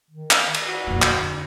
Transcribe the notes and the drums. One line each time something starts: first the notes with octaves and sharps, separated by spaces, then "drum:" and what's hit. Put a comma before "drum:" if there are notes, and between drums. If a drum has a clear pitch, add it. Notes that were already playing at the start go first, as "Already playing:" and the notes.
D#3
drum: clap
drum: cymbal
F#4
F2 A#3
D3, drum: clap